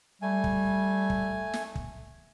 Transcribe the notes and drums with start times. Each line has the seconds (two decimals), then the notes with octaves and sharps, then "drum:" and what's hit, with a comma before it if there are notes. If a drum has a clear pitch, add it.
0.22 G3 A3 G#5
0.44 drum: kick
1.10 drum: kick
1.54 drum: snare
1.75 drum: kick